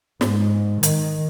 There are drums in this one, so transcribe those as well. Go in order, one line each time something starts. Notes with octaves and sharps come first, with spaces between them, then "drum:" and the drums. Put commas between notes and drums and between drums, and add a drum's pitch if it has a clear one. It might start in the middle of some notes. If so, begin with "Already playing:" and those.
G#2, drum: snare
D#3, drum: hi-hat